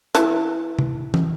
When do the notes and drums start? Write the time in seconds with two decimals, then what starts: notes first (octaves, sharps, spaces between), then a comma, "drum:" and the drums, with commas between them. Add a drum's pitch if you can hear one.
0.15 E3 A5, drum: hi-hat
0.79 drum: tom C3
1.14 drum: tom